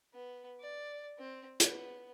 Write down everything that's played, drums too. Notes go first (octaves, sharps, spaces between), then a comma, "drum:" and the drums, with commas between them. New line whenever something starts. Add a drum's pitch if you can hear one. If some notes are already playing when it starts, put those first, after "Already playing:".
B3
D5
C4
B3, drum: hi-hat